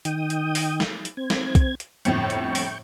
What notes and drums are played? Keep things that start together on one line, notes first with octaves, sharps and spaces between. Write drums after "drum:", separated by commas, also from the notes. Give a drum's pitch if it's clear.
D#3 G5 D#6, drum: hi-hat
drum: hi-hat
drum: open hi-hat
drum: snare
drum: hi-hat
C4 G#6
drum: snare
drum: kick B1, hi-hat
drum: hi-hat
G1 F2 A2 G5 C#6, drum: hi-hat
drum: hi-hat
drum: open hi-hat